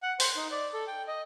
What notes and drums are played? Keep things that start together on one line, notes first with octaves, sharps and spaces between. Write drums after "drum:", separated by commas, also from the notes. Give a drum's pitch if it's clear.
F#5
C5, drum: open hi-hat
D#4
D5
A4
G5
D#5